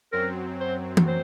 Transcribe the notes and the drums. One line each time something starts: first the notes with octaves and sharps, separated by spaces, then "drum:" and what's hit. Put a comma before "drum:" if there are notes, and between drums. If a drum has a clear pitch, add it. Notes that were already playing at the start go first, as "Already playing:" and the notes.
F#2 F#3 C4 A#4
C5
drum: tom E3
C5